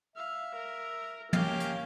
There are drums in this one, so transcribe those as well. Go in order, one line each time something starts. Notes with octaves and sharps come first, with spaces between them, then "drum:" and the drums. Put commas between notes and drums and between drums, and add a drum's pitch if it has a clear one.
E5 F5
A#4
A#3 C#4 G4 F5, drum: tom
drum: hi-hat